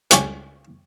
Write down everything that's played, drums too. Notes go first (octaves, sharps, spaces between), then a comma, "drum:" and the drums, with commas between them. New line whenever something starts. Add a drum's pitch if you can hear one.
C#2 G3 C#5 D5 G#5, drum: hi-hat